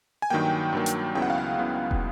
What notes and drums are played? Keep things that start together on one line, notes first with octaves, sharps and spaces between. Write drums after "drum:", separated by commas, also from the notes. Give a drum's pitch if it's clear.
G#5
G2 D#3 F#3 A#3 G5
G2 D#3 F#3 A#3
drum: hi-hat
C#2 C#3 F#3 B3 E4 G5
F#5
F5
F#5
C#2 C#3 F#3 B3 E4
drum: kick